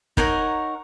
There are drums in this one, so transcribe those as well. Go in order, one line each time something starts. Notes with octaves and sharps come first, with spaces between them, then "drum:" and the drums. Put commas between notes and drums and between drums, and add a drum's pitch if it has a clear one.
D#4 A#4 C#5 F#5, drum: kick